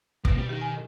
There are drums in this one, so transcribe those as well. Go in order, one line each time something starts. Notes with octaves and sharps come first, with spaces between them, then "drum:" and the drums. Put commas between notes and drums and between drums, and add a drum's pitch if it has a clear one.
B2 A#3 C4, drum: kick
G3 G4
D#3 G4
G#5